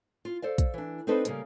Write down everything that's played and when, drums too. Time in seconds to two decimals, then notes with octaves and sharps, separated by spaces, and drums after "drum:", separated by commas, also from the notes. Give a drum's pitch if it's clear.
0.25 F4
0.42 A4 C5 D5 F5
0.58 drum: kick, hi-hat
0.74 E3 D4
1.07 C4 D4 D#4 A4 B4 C5
1.25 C#3 G3 A#3, drum: hi-hat